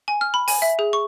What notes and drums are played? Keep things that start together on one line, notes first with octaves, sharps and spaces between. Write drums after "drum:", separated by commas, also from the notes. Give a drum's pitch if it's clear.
G#5
F6
B5
G#5, drum: open hi-hat
E5
G#4
C#6